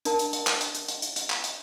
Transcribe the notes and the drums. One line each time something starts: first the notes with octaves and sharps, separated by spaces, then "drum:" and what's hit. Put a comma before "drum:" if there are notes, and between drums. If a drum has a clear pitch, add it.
D4 A#4 A5, drum: hi-hat
drum: hi-hat
drum: hi-hat
drum: clap
drum: hi-hat
drum: hi-hat
drum: hi-hat
drum: hi-hat
drum: hi-hat
drum: clap
drum: hi-hat